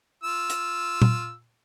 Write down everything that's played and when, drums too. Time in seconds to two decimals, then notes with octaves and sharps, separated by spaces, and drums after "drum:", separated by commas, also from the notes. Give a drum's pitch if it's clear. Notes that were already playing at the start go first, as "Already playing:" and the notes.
0.24 F4 E6
0.50 drum: hi-hat
1.02 drum: tom